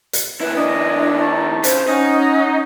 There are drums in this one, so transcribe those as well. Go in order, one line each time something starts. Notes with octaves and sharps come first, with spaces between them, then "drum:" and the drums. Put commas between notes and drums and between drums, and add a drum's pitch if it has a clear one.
drum: hi-hat
D#2 E4 B4
D4 D#5
D#4 A5 C#6
C#3 C5, drum: hi-hat
C#4 D#4 F#5 G#5 D#6